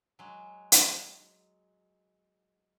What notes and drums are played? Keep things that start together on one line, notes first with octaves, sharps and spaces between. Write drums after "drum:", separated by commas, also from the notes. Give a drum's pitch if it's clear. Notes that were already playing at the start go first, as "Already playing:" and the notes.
F#3 G#3
drum: hi-hat